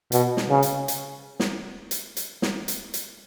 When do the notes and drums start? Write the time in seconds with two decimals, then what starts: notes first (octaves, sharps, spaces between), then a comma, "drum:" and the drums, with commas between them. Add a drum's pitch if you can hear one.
0.12 B2, drum: hi-hat
0.37 drum: snare
0.50 C#3
0.63 drum: hi-hat
0.88 drum: hi-hat
1.40 drum: snare
1.91 drum: hi-hat
2.17 drum: hi-hat
2.42 drum: snare
2.68 drum: hi-hat
2.94 drum: hi-hat